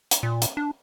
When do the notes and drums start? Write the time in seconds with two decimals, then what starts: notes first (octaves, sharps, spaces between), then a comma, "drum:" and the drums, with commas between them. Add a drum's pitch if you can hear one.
0.11 drum: hi-hat
0.23 A#2
0.42 drum: hi-hat
0.57 D4